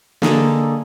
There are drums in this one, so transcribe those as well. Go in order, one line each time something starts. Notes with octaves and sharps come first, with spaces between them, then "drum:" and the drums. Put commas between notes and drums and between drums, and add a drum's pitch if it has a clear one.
D3 A#3 D#4 G#4 A4, drum: snare